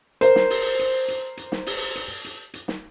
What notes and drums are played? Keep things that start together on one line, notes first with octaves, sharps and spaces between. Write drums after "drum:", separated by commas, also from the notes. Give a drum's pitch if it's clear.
A#4 C5, drum: hi-hat
drum: snare
drum: open hi-hat
drum: hi-hat
drum: hi-hat
drum: hi-hat
drum: snare
drum: open hi-hat
drum: hi-hat
drum: hi-hat
drum: hi-hat
drum: snare